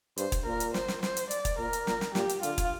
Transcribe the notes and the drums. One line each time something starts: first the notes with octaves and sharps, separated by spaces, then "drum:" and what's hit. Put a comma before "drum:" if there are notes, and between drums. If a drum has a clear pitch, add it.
G2 C5, drum: hi-hat
drum: kick, hi-hat
A#2 A#4
drum: hi-hat
C5, drum: snare
drum: snare
C5, drum: snare
drum: hi-hat
D5, drum: hi-hat
drum: kick, hi-hat
A#2 A#4
drum: hi-hat
A#2, drum: snare
drum: snare
A#2 G4, drum: snare
drum: hi-hat
D3 F4, drum: hi-hat
drum: kick, hi-hat